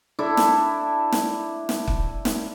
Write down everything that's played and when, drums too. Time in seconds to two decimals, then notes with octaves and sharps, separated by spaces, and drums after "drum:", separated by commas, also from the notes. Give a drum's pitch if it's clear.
0.19 D4 E4 A4 E5
0.37 drum: snare
1.12 drum: snare
1.69 drum: snare
1.88 drum: kick
2.25 drum: snare